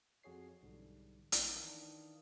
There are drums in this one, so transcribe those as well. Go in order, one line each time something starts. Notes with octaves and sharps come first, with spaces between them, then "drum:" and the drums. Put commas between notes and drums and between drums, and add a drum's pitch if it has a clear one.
F2 F#4 G#4 C#5 C7
B1 G#2 D3 E3 G3
D#4, drum: hi-hat
D#3 E3 D4 F5 D#6